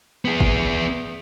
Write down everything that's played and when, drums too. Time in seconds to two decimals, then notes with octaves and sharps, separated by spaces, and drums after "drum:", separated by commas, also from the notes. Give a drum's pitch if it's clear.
0.25 B3 G#4
0.40 drum: kick